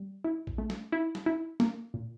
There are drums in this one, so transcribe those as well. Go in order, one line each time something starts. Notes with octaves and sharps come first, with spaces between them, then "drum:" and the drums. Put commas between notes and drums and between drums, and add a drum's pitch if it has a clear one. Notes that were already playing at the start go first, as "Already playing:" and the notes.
Already playing: G3
E4
drum: kick A#1
A3
drum: snare
E4
drum: snare
E4
A#3, drum: snare
A#2